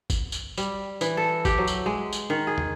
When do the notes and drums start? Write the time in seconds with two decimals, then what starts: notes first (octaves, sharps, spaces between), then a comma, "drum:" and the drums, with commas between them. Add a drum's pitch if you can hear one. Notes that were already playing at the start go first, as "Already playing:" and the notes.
0.10 drum: kick, tambourine
0.32 drum: tambourine
0.57 G3, drum: tambourine
1.01 E3, drum: tambourine
1.17 A4
1.45 G4, drum: kick, tambourine
1.58 F#3
1.68 drum: tambourine
1.86 G#3
2.13 drum: tambourine
2.30 D#3
2.47 G#4
2.58 drum: tom